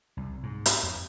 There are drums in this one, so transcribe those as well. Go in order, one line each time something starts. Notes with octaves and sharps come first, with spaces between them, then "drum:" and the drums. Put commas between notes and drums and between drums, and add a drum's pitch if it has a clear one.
C2
G#2
drum: hi-hat
F2